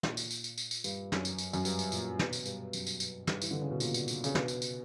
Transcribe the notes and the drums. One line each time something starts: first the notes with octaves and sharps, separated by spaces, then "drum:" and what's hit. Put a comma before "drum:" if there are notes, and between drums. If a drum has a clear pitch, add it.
A#2, drum: snare
drum: tambourine
drum: tambourine
drum: tambourine
drum: tambourine
drum: tambourine
G2, drum: tambourine
F#2, drum: snare
drum: tambourine
drum: tambourine
F#2, drum: tambourine
G2, drum: tambourine
drum: tambourine
A#2, drum: tambourine
B2, drum: snare
drum: tambourine
G2, drum: tambourine
F#2, drum: tambourine
drum: tambourine
drum: tambourine
G2, drum: snare
E3, drum: tambourine
D3
C#3
B2
A#2, drum: tambourine
drum: tambourine
drum: tambourine
C#3, drum: tambourine
B2, drum: snare
drum: tambourine
drum: tambourine